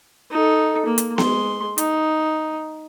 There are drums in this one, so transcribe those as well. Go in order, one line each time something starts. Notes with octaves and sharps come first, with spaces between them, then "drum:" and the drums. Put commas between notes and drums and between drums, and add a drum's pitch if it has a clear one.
D#4 A4
A#3
drum: hi-hat
G#3 C6, drum: snare B3
D#4, drum: hi-hat